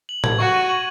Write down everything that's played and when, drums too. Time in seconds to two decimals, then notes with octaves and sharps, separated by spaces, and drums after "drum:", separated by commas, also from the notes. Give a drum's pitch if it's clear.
0.09 F#7
0.24 G#6, drum: tom A2
0.39 F#4 C#6
0.54 D#7
0.69 F#7